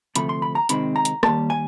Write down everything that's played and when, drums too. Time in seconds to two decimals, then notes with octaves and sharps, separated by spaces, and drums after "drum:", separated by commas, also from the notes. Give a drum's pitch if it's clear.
0.15 D2 C3 F3 A3 B5, drum: hi-hat
0.29 C6
0.42 B5
0.55 A#5
0.69 C3 D#3 G#3 C4 B5, drum: hi-hat
0.96 A#5
1.05 drum: hi-hat
1.23 D#2 D#3 G3 A#3 A5, drum: rim click
1.50 G#5